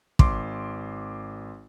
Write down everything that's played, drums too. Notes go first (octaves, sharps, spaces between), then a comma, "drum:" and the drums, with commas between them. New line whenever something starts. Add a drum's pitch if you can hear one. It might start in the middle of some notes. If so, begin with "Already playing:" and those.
G#1 C6 D6, drum: kick